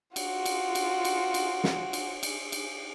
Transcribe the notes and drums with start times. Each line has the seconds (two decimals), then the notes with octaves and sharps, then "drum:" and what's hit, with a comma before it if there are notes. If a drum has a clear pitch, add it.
0.16 F4 F#4, drum: cymbal
0.46 drum: cymbal
0.75 drum: cymbal
1.05 drum: cymbal
1.34 drum: cymbal
1.64 drum: snare
1.93 drum: cymbal
2.23 drum: cymbal
2.52 drum: cymbal